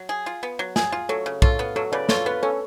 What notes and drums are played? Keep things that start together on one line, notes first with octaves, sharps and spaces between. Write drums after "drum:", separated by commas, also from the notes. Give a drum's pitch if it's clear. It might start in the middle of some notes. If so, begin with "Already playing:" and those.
Already playing: F#3
G#4
F4
B3
F#3
G#4, drum: snare
F4
F#3 A4 C#5
C#3
F4 A4 C#5, drum: kick
B3
F#3 A4 C#5
C#3 B4 D5
F4 A4 C#5, drum: snare
B3 B4
C#4 A4 C#5